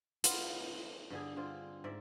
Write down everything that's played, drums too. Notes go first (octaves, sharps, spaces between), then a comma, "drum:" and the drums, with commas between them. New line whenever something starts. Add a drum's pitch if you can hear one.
B3 F4, drum: hi-hat
G2 D3 G#4
D3 C4 F4
G#2 D5 E5